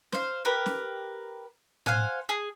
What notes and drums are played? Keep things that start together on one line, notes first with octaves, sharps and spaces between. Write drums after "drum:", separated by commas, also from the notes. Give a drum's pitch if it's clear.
C5 F5, drum: snare
G4 A#4 B4
drum: snare
C5 F5 F#5 G#5, drum: tom A2
G#4